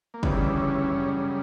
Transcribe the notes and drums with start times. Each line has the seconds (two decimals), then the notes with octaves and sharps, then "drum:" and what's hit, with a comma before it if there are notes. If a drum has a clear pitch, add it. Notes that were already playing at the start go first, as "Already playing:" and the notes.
0.14 A#3
0.23 D2 C#3 E3 G3 B3, drum: kick
0.57 C#4
0.92 F#2 C#3 G3